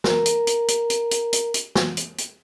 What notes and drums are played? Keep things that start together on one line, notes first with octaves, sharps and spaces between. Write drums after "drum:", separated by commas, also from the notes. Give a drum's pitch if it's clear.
A#4 A#5, drum: snare
drum: hi-hat
drum: hi-hat
drum: hi-hat
drum: hi-hat
drum: hi-hat
drum: hi-hat
drum: hi-hat
drum: snare
drum: hi-hat
drum: hi-hat